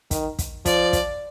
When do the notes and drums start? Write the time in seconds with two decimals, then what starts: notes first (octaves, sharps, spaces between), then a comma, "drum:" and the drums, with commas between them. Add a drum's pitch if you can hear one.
0.11 D#3, drum: kick, hi-hat
0.39 drum: kick, hi-hat
0.65 F3 D5, drum: kick, hi-hat
0.93 drum: kick, hi-hat